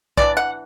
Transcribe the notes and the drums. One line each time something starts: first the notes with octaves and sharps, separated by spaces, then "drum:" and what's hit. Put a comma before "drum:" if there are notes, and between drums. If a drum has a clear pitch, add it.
E3 B3 D4 D5, drum: kick
F#5